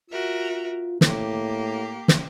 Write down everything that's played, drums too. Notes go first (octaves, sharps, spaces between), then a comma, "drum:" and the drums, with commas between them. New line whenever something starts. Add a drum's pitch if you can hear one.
F4 F#4 A#4 E5
A2 A#3 G4, drum: snare
drum: snare